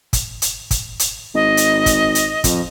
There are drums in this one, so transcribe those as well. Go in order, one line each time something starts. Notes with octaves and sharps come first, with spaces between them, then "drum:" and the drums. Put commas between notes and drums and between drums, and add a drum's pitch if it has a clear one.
drum: kick, hi-hat
drum: hi-hat
drum: kick, hi-hat
drum: hi-hat
G#1 D#5
drum: hi-hat
drum: kick, hi-hat
drum: hi-hat
F2, drum: kick, hi-hat